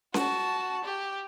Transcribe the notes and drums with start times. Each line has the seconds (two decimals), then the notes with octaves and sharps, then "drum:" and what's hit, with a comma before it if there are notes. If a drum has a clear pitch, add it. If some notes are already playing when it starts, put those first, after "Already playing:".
0.14 F#4 A5, drum: snare C#4
0.84 G4